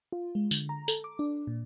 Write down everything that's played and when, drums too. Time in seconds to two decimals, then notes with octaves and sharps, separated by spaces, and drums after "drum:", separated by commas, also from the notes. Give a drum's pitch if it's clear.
0.12 F4
0.35 G#3
0.51 D3, drum: tambourine
0.69 A#5
0.88 A4, drum: tambourine
1.04 D6
1.19 D4
1.47 A#2